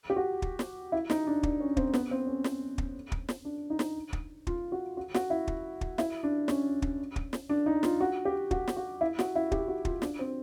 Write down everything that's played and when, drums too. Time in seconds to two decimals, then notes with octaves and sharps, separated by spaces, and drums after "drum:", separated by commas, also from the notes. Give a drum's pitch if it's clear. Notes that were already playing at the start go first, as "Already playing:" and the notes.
0.10 G4
0.16 F#4
0.42 drum: kick
0.59 drum: snare
0.92 E4
1.10 D#4, drum: snare
1.27 D4
1.43 D4, drum: kick
1.60 C#4
1.77 C4, drum: kick
1.94 B3, drum: snare
2.11 C4
2.27 C#4
2.44 drum: snare
2.78 drum: kick
3.12 drum: kick
3.29 drum: snare
3.45 D4
3.70 D#4
3.79 drum: snare
4.13 drum: kick
4.47 F4, drum: kick
4.72 F#4
4.97 F#4
5.14 F#4, drum: snare
5.30 E4
5.48 drum: kick
5.81 drum: kick
5.98 E4, drum: snare
6.23 D4
6.48 C#4, drum: snare
6.82 drum: kick
7.16 drum: kick
7.33 drum: snare
7.49 D4
7.66 D#4
7.83 F4, drum: snare
8.01 F#4
8.25 G4
8.51 F#4, drum: kick
8.68 drum: snare
8.77 F#4
9.01 E4
9.19 F#4, drum: snare
9.36 E4
9.52 G4, drum: kick
9.68 F#4
9.85 F4, drum: kick
10.02 D4, drum: snare
10.19 C4